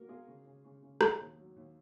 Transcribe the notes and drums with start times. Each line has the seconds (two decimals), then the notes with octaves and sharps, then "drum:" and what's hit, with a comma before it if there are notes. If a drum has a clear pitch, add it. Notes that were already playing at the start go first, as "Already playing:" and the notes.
Already playing: F#3 A#3 F#4 A#4
0.09 B2 F4 G#4
0.28 C#3
0.46 C#3
0.65 C#3
0.83 C#3
1.01 F#3, drum: rim click
1.20 D#2
1.38 F#3
1.56 D#2